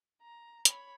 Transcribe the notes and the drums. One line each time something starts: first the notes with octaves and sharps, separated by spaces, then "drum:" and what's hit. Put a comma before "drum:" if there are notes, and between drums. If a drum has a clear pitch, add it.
A#5
C#5 B5, drum: hi-hat